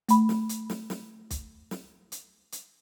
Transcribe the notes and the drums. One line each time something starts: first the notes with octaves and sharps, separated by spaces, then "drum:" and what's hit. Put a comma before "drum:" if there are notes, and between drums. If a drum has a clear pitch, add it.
A3 B5, drum: hi-hat
drum: snare
drum: hi-hat
drum: snare
drum: snare
drum: kick, hi-hat
drum: snare
drum: hi-hat
drum: hi-hat